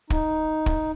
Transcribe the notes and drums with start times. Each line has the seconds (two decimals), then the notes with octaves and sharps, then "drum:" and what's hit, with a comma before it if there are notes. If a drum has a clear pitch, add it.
0.10 D#4, drum: kick
0.66 drum: kick